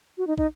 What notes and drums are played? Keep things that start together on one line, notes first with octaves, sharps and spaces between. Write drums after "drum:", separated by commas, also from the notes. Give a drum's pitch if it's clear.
F#4
D#4
D#4, drum: kick